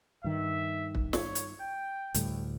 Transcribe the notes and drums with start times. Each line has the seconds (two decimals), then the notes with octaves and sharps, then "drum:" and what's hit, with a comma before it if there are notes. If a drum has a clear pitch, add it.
0.24 G2 D#3 E5
0.95 drum: kick
1.13 C#5, drum: snare
1.35 drum: hi-hat
1.61 G5
2.14 D2 A2 G3, drum: hi-hat